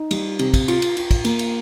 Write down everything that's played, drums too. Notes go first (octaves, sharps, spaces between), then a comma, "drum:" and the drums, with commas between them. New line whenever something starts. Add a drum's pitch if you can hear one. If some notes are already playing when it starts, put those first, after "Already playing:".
Already playing: D#4
G3, drum: cymbal
C3, drum: cymbal
drum: kick, cymbal
F4, drum: cymbal
drum: cymbal
F4, drum: cymbal
drum: kick, cymbal
A#3, drum: cymbal
drum: cymbal